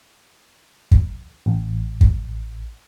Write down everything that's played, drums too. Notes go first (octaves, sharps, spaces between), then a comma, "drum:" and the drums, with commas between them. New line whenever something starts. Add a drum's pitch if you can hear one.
drum: kick
A1
drum: kick